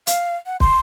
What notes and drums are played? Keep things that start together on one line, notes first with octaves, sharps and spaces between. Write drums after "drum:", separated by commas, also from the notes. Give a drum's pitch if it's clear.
F5, drum: hi-hat
F#5
C6, drum: kick